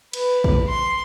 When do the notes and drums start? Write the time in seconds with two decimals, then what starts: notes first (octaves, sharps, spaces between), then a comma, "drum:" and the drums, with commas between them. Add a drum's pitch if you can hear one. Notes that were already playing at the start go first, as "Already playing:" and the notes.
0.13 B4, drum: cymbal
0.44 drum: kick
0.69 C6